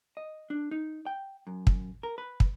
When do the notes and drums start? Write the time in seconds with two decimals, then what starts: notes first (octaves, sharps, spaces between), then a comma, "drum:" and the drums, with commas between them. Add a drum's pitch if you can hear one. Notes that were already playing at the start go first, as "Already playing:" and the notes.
0.17 D#5
0.50 D4
0.71 D#4
1.06 G5
1.47 F#2
1.67 drum: kick
2.03 A#4
2.18 B4
2.40 drum: kick